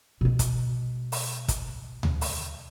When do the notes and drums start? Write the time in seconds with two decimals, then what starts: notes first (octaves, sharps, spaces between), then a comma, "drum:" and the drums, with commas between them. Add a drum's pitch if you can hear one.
0.21 B2 G#3
0.39 drum: kick, hi-hat
1.12 drum: open hi-hat
1.48 drum: kick, hi-hat
2.03 drum: tom D2
2.21 drum: open hi-hat